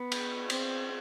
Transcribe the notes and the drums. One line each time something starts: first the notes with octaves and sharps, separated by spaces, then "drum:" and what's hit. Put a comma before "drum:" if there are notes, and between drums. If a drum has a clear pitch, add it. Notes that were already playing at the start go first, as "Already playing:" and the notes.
Already playing: B3
drum: cymbal
C4, drum: cymbal